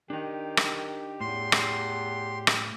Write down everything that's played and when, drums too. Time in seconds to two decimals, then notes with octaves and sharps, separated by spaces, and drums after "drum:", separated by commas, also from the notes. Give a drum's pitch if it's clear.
0.10 D#3 D4 D#4 G4
0.57 drum: rim click
1.21 E2 A2 C6
1.52 drum: rim click
2.47 drum: rim click